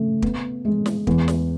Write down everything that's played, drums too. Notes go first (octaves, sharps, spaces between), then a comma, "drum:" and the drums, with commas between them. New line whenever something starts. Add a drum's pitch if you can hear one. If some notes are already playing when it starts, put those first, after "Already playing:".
Already playing: C#3 A3
B3, drum: kick
G#3
drum: snare
E2, drum: kick
drum: snare